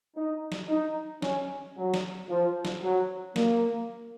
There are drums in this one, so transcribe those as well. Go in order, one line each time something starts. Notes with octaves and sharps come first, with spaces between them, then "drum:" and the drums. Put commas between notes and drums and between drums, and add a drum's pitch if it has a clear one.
D#4
drum: snare
D#4
C#4, drum: snare
F#3
drum: snare
F3
drum: snare
F#3
A#3, drum: snare